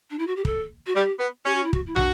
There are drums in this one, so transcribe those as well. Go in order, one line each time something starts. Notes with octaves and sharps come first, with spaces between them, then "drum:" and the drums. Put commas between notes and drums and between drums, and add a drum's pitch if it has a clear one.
D4
E4
F#4
G4
A4, drum: kick
F#4
G3 G4
B3
C#4 G4
F#4
E4
F#4, drum: kick
E4
D4 F#4, drum: tom